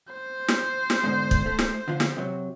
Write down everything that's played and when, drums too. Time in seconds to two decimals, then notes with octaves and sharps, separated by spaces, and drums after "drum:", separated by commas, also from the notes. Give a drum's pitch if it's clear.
0.13 C5
0.48 drum: snare
0.90 drum: snare
1.04 G#2 B2 D3
1.31 drum: kick
1.46 A3
1.59 drum: snare
1.88 D3 F3 F4
2.00 drum: snare
2.16 C3 F#3